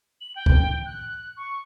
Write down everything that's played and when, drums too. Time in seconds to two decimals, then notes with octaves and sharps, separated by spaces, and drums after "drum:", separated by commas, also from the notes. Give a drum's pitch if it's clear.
0.21 F#7
0.36 G5
0.46 drum: kick C2
0.85 F#6
1.37 C#6